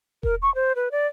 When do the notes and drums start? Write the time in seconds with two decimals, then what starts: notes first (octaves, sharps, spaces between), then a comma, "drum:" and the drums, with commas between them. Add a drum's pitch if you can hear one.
0.23 A#4, drum: kick E1
0.42 C#6
0.55 C5
0.75 B4
0.91 D5